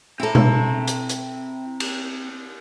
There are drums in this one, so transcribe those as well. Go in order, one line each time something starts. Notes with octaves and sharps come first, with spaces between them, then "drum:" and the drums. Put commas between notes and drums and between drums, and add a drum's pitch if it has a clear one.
C4 E4 A4 A#5
drum: tom B2
drum: hi-hat
drum: hi-hat
drum: cymbal